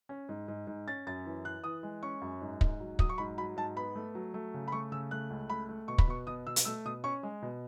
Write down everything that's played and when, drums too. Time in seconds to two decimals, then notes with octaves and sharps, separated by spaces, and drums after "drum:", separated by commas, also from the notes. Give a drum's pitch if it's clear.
0.09 C#4
0.29 G#2
0.48 G#2
0.67 G#2
0.87 C#4 A6
1.07 F#2 A6
1.26 E3
1.44 E3 F#6
1.64 E3 D#6
1.83 G#3
2.03 C#4 C#6
2.21 F#2
2.41 G#2
2.61 G#2, drum: kick
2.80 F#3
2.99 F#3 D#6, drum: kick
3.09 C#6
3.18 G#2 B5
3.38 F#3 B5
3.57 G#2 A5
3.76 B3 B5
3.96 A3
4.15 F#3
4.34 A3
4.54 C#3
4.68 B5
4.72 A3 C#6
4.92 C#3 E6
5.11 A3 F#6
5.30 C#2
5.50 A3 B5
5.69 A3
5.88 B2 C#6
5.98 B5, drum: kick
6.07 B2 C#6
6.27 B2 D#6
6.47 B2 E6
6.56 drum: hi-hat
6.65 A3 E6
6.85 B2 D#6
7.04 C#4 C#6
7.23 G#3
7.42 B2